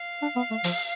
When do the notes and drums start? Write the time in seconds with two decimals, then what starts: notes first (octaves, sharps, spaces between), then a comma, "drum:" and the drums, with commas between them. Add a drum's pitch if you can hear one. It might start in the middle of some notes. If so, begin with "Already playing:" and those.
Already playing: F5
0.22 D4
0.36 B3
0.50 A3
0.64 F3, drum: open hi-hat